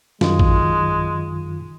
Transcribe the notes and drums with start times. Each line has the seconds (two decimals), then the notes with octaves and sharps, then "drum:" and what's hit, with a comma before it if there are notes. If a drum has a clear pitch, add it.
0.21 F#2 D#3 G#3 F4, drum: snare
0.39 drum: kick